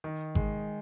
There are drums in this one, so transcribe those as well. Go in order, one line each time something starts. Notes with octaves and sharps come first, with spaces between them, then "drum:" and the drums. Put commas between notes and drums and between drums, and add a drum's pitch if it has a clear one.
D#3
G#3, drum: kick G#1